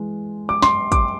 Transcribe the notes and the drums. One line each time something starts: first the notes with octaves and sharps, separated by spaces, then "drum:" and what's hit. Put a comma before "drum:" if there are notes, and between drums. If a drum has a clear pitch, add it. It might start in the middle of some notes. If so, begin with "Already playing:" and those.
Already playing: E3 G#3
D6
C6, drum: snare
D6, drum: kick, hi-hat